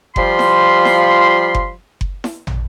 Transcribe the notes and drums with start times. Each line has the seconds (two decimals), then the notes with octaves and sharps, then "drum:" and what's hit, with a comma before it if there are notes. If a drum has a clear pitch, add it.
0.16 F3 G3 F4 B5 C6, drum: kick F#1
0.39 drum: snare E4
0.85 drum: snare E4
1.55 drum: kick F#1
2.01 drum: kick F#1
2.24 drum: snare E4
2.47 drum: tom